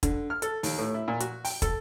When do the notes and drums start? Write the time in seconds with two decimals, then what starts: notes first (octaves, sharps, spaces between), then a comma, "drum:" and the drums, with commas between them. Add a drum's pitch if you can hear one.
0.03 D3, drum: kick, hi-hat
0.30 F6
0.42 A4, drum: hi-hat
0.63 D#2, drum: open hi-hat
0.78 A2
0.94 E4
1.08 A#2
1.20 F#4, drum: hi-hat
1.45 G5, drum: open hi-hat
1.62 A4, drum: kick, hi-hat